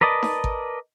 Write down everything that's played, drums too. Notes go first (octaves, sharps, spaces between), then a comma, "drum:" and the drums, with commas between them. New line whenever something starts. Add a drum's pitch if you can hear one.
A#4 B4 D5 D#5 A5
drum: snare D#4
drum: kick G#1